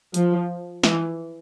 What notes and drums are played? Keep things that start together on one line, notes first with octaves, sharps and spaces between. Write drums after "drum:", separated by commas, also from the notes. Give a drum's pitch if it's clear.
F3, drum: hi-hat
E3, drum: snare